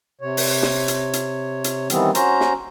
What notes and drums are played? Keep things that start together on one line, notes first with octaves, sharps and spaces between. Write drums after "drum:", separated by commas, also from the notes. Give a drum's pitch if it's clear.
C3 C#5
drum: open hi-hat
drum: snare
drum: hi-hat
drum: hi-hat
drum: hi-hat
D#3 E3 G3 B3 C4, drum: hi-hat
C#4 F#4 C5 A#5, drum: hi-hat
drum: snare